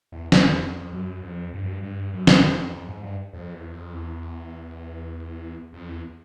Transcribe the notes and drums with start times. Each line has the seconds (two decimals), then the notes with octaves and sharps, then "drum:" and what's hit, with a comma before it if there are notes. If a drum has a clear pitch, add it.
0.12 E2
0.32 E2, drum: snare
0.63 F2
0.93 F#2
1.22 F2
1.53 G2
1.62 F#2
1.71 G2
1.83 G2
2.13 F#2
2.27 drum: snare
2.43 F2
2.72 F2
2.88 G#2
3.03 G2
3.33 F2
3.54 E2
3.72 F2
3.93 E2
5.73 F2
5.88 E2